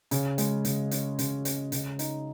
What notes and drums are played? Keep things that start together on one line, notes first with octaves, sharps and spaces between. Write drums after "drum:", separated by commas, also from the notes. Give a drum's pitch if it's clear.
C#3, drum: hi-hat
G#3, drum: hi-hat
C#3, drum: hi-hat
C#4, drum: hi-hat
C#3, drum: hi-hat
C#4, drum: hi-hat
C#3, drum: hi-hat
D#4, drum: hi-hat